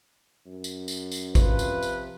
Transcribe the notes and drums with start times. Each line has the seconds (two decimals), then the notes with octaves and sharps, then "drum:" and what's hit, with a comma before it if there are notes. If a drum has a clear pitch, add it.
0.46 F#2
0.64 drum: tambourine
0.88 drum: tambourine
1.12 drum: tambourine
1.35 C3 F3 F4 B4, drum: kick A1, tambourine
1.59 drum: tambourine
1.83 drum: tambourine